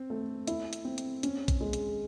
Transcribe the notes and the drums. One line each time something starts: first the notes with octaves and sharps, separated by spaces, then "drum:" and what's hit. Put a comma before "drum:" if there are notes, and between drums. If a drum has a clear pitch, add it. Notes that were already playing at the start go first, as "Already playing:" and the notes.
Already playing: C4
A3
E4, drum: hi-hat
drum: hi-hat
C4
drum: hi-hat
C#4, drum: hi-hat
drum: kick A#1, hi-hat
G#3
drum: hi-hat